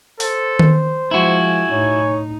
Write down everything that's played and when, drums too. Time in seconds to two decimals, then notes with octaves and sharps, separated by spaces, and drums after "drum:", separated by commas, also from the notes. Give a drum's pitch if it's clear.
0.20 A4 C5, drum: open hi-hat
0.59 drum: tom D#3
1.11 F3 G#3 E4 F#4 G#5
1.72 A2 D#4 C#5